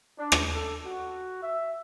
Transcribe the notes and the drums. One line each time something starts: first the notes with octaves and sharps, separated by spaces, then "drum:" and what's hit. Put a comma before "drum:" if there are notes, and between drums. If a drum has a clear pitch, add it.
D4
drum: rim click
A4
F#4
E5